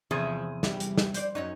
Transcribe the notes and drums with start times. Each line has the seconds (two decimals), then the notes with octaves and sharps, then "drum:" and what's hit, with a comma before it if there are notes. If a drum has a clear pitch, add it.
0.11 E2 C3 F3 G#4
0.63 G3 E4, drum: snare
0.80 drum: hi-hat
0.98 drum: snare
1.14 C5 D5, drum: hi-hat
1.35 F#2 C#4 D#4